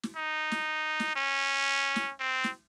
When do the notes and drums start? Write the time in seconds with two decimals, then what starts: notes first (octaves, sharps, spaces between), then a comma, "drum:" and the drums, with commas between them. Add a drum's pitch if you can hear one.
0.03 drum: snare
0.16 D#4
0.52 drum: snare
1.00 drum: snare
1.16 C#4
1.96 drum: snare
2.20 C4
2.44 drum: snare